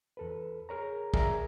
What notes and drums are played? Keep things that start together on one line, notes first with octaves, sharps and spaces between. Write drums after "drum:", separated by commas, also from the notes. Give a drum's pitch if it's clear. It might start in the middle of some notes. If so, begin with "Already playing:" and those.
E2 A4 B4
G#4 A#4 C#5 A#5
G#4 A#4 D5 E5 G#5 A#5, drum: kick